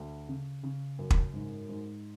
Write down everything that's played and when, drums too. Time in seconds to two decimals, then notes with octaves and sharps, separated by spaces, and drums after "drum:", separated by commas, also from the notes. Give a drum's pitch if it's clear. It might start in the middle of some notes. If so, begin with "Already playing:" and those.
Already playing: D2
0.29 C#3
0.63 C#3
0.99 F#2
1.10 drum: kick
1.34 G#2
1.69 G#2